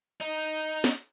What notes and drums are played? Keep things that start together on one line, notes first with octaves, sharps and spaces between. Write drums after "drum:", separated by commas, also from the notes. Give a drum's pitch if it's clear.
D#4
drum: snare